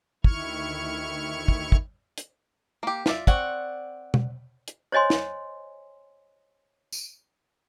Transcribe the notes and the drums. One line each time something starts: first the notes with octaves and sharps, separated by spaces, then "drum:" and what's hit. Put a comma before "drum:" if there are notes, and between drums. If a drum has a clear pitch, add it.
D2 D#3 E4 C#6 F6 G#6, drum: kick
drum: kick
drum: kick
drum: hi-hat
A#3 G4
F4 D5 E5, drum: snare
C4 D5 F#5 C#6, drum: kick
drum: tom B2
drum: hi-hat
C5 C#5 D#5 G#5 C6
drum: snare
drum: tambourine